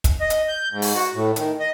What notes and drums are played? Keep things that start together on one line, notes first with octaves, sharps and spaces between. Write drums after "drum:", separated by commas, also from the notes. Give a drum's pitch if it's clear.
drum: kick, hi-hat
D#5
drum: hi-hat
G6
G#2
drum: open hi-hat
F#4
A2
D#3, drum: hi-hat
D#5